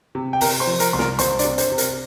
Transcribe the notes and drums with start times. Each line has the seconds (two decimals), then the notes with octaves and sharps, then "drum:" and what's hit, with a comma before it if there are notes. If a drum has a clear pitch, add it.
0.15 C3
0.33 G5
0.41 C3 A#4 A#5, drum: open hi-hat
0.60 C5 C6
0.67 F3
0.80 A#4 A#5, drum: hi-hat
0.93 C2 C6
0.99 A#4 A#5, drum: snare
1.19 C2 C5 C6, drum: hi-hat
1.39 D4 D5, drum: hi-hat
1.44 C3
1.58 C5, drum: hi-hat
1.72 C3
1.78 A#4, drum: hi-hat